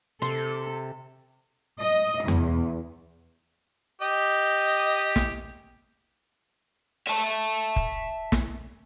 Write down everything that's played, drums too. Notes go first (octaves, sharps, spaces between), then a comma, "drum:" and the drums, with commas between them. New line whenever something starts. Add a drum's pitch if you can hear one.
C3 A4 C6
D#5
E2, drum: tom E2
G4 D#5
drum: snare
E5 A5, drum: open hi-hat
drum: kick F1
drum: snare